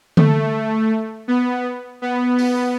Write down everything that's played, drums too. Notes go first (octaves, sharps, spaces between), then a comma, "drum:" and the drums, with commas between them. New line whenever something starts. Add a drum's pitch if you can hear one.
A3, drum: tom D3
B3
B3
B3, drum: open hi-hat